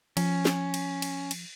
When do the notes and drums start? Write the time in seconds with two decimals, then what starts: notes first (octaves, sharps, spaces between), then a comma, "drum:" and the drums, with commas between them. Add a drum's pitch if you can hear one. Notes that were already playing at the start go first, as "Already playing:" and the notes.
0.17 F3 C#4, drum: cymbal
0.45 drum: snare
0.74 drum: cymbal
1.02 drum: cymbal
1.31 drum: cymbal